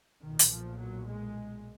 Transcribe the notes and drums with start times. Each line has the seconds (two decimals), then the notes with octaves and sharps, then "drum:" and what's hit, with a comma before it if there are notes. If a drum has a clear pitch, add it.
0.24 B1 A#2 D#3
0.39 drum: hi-hat
0.53 F3
0.81 F#3
1.10 G#3